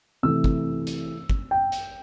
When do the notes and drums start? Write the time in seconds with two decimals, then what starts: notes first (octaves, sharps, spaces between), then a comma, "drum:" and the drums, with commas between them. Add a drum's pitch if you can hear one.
0.23 C3 E3 A3 E6
0.44 drum: kick
0.87 drum: hi-hat
1.30 drum: kick
1.51 G5
1.72 drum: hi-hat